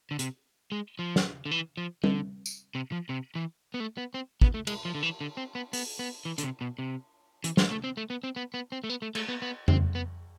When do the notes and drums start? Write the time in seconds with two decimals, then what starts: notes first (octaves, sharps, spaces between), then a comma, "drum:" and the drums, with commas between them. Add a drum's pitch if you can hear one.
0.11 D3
0.19 C3, drum: hi-hat
0.72 G#3
0.99 F3
1.16 drum: snare
1.46 D3
1.51 E3
1.77 F3
2.04 D3, drum: tom G3
2.46 drum: tambourine
2.75 C3
2.92 F3
3.09 C3
3.35 E3
3.74 B3
3.80 A3
3.97 B3
4.14 C4
4.42 B3, drum: kick
4.54 A3
4.67 G#3, drum: cymbal
4.85 F3
4.95 D3
5.03 E3
5.21 D3
5.37 C4
5.55 B3
5.73 B3, drum: open hi-hat
5.99 B3
6.25 E3
6.38 D3, drum: hi-hat
6.43 C3
6.61 B2
6.79 C3
7.44 E3, drum: hi-hat
7.57 G#3, drum: snare
7.71 A3
7.84 C4
7.97 A3
8.10 B3
8.24 C4
8.36 B3
8.54 B3
8.72 C4
8.84 A3
8.90 B3
9.02 A3
9.15 A3, drum: cymbal
9.28 B3
9.42 B3
9.68 C4, drum: tom F2
9.95 B3